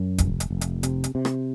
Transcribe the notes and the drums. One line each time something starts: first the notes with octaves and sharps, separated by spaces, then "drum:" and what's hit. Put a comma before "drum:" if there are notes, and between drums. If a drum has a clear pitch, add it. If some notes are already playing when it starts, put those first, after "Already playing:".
Already playing: F#2
F1, drum: kick, hi-hat
drum: hi-hat
F1
drum: hi-hat
C3, drum: hi-hat
drum: hi-hat
C3
drum: rim click